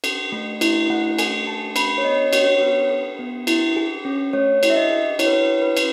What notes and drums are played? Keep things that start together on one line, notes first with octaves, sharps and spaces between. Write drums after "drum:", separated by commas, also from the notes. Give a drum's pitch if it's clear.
A4, drum: cymbal
A3
E4, drum: cymbal
A3 F#5
A4 G#5, drum: cymbal
A3 A5
A4 B5, drum: cymbal
C#5
B3 D#5
F#4 C#5, drum: cymbal
C#5
B3 B4
A4
B3
E4, drum: cymbal
G#4
C#4
A3 C#5
E4, drum: cymbal
E5
D#5
G#4
E4 C#5, drum: cymbal
B4
C#5
B4
G#4
B4
C#4, drum: cymbal